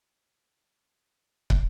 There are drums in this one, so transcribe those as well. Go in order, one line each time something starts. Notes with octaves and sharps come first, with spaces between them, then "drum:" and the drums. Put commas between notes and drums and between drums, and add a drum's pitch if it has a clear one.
E3 G#3
drum: kick